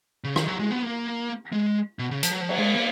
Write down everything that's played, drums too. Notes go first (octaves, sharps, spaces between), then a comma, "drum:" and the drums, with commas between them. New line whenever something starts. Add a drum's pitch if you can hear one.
C#3
D#3, drum: rim click
F#3
G#3
B3
A#3
G#3
B2
C#3
F3, drum: hi-hat
F#3
F3
F#3, drum: cymbal
G#3
A#3